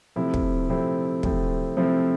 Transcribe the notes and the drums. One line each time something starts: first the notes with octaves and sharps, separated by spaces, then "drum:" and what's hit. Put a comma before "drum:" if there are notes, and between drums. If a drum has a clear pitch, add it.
C3 F3 A3 C4 E4
drum: kick
C3 F3 A3 C4 E4
C3 F3 A3 C4 E4, drum: kick
C3 F3 A3 C4 E4